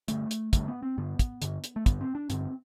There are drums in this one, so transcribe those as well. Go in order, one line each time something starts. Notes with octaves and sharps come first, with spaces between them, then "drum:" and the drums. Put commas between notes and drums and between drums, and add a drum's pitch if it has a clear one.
G2 D3 A3, drum: hi-hat
drum: hi-hat
G2 D3 A3, drum: kick, hi-hat
B3
C4
G2 D3 B3
drum: kick, hi-hat
G2 D3, drum: hi-hat
drum: hi-hat
A3
G2 D3 B3, drum: kick, hi-hat
C4
D4
G2 D3 C4, drum: hi-hat